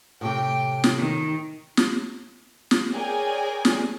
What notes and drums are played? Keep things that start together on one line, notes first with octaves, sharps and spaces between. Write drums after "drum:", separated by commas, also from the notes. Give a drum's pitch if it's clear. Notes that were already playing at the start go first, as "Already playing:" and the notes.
A2 C3 G4 G5
drum: snare
D#3
drum: snare
drum: snare
G#4 A#4 C#5 D5 G5 G#5
drum: snare